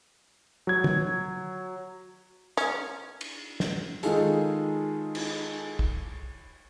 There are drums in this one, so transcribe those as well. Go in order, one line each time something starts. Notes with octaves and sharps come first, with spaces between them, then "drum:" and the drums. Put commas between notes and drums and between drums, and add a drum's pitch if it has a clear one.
F#3 G#6
drum: tom
C#4, drum: hi-hat
drum: cymbal
drum: snare
D#3 G#3 D#4 F4 G#4 A4, drum: hi-hat
drum: cymbal
drum: kick